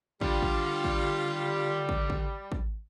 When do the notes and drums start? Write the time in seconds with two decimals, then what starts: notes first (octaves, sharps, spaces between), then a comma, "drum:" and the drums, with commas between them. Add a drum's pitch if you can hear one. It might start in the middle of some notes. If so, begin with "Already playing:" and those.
0.21 D3 G3 F4 G4, drum: kick
0.42 drum: kick
0.84 drum: kick
1.89 drum: kick
2.10 drum: kick
2.52 drum: kick